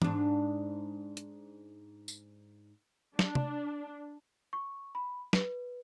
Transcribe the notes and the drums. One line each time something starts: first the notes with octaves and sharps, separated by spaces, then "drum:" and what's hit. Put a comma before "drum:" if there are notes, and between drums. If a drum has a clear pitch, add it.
G#2 D4, drum: tom
drum: hi-hat
drum: tambourine
D4, drum: snare
drum: tom C3
C#6
B5
B4, drum: snare